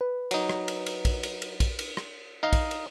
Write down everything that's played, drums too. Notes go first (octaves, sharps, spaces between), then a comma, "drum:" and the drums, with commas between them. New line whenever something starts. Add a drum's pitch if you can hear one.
B4
F#3 D#4, drum: cymbal
drum: rim click
drum: cymbal
drum: cymbal
drum: kick, cymbal
drum: cymbal
drum: cymbal
drum: kick, cymbal
drum: cymbal
drum: rim click
D#4 D#5 F5
drum: kick, cymbal
drum: cymbal